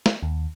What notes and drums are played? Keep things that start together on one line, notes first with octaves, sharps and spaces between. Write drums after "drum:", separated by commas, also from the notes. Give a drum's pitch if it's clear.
drum: snare
D#2